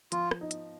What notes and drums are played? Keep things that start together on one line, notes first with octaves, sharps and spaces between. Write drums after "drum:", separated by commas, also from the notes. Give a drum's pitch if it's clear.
F3 F4, drum: hi-hat
drum: rim click
D#4
drum: hi-hat